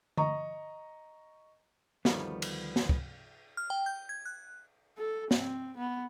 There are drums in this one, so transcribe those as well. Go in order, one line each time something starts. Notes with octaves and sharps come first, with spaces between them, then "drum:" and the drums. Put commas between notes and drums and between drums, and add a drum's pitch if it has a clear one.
D#5 A#5 C#6, drum: tom D3
D2 D#3 F3 G3 A3 B3, drum: snare
drum: cymbal
drum: snare
drum: kick
F6
G5
G6
G#6
F#6
A4
C4, drum: snare
B3